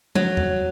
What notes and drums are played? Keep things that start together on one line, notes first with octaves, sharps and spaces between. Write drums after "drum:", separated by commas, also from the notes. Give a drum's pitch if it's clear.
F#3, drum: tom
drum: tom E2